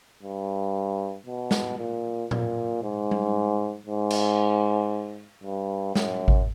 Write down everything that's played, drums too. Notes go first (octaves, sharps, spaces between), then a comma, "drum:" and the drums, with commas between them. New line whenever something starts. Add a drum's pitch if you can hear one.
G2
B2
drum: snare
A#2
A#2, drum: tom A#2
G#2
drum: tom G3
G#2
drum: cymbal
G2
F#2, drum: snare
drum: kick G#1